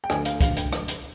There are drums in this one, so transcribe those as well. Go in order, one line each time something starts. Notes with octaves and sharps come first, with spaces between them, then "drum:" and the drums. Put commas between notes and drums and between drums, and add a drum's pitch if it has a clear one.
G5
D2 G#5, drum: rim click
F5, drum: hi-hat
D2 F5, drum: kick, hi-hat
G5, drum: hi-hat
drum: rim click
drum: hi-hat